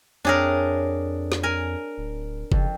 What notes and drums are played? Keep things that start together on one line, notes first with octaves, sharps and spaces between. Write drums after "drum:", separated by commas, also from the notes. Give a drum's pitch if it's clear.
F2 C4 D4 G#4 A#4 C#5 E5
drum: snare
A#4 G#5
D1
F2 C#3, drum: kick F#1